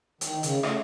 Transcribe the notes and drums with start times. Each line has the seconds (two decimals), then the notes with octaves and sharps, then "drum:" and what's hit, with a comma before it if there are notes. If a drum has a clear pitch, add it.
0.21 D#3, drum: hi-hat
0.43 C#3, drum: hi-hat
0.63 A3, drum: rim click